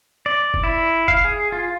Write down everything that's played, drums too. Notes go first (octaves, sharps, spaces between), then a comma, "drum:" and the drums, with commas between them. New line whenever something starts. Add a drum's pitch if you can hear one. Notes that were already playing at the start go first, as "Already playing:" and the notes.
D5
drum: kick F1
E4
F5, drum: kick F1
G#4
F4